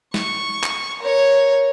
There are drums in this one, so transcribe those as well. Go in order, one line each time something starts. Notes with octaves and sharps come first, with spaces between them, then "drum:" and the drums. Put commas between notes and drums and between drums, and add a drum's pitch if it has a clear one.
C#6, drum: snare
drum: clap
A#4 C#5